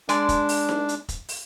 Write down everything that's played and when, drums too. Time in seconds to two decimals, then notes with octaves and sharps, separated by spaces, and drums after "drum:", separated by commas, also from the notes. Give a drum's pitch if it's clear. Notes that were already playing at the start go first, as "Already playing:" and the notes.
0.09 G#3 D4 D5, drum: hi-hat
0.29 drum: kick, hi-hat
0.49 drum: open hi-hat
0.69 drum: snare D#4
0.89 drum: hi-hat
1.09 drum: kick, hi-hat
1.29 drum: open hi-hat